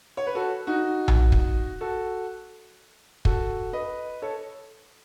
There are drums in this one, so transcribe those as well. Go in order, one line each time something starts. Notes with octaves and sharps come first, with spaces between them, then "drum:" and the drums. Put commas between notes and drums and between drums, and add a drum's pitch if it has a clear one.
C#5
B4
F#4 A4
D#4 F#4
drum: tom A#1
drum: kick
F#4 A4
F#4 A4, drum: kick
B4 D#5
A4 C#5